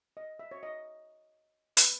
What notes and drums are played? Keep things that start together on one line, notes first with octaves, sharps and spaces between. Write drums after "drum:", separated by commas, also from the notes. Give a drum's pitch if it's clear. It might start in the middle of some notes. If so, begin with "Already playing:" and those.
D#5
E5
C#5
D#5
B4, drum: hi-hat